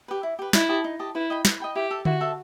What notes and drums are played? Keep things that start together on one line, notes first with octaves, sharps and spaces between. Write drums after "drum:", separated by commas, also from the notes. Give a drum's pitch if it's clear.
G4 B4
E4
G4 B4
D#4 E4, drum: snare
G4 D#5 A5
D#4
G4 D#5 A5
E4 B4
D#5 G5 B5
B4, drum: snare
D#5 G5 B5
E4 G4
A4 E5 A5
E4 F#4, drum: tom D3
A4 E5 A5